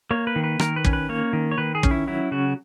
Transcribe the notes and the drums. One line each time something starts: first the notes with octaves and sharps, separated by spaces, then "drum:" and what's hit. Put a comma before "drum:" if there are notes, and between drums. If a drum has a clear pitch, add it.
A#3 C#5
B4
D#3
B4
D#3 A#4, drum: rim click
B4
C#4, drum: kick
B4
A#3 C#5
D#3
C#5
D#3 B4
G#4
C#4, drum: kick
E4
F#3 E4
C#3 F#4